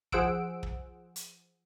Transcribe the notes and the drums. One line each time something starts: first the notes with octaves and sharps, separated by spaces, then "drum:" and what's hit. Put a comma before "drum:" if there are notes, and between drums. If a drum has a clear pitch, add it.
F3 G#4 C5 F#5 E6 D7, drum: kick
drum: kick
drum: hi-hat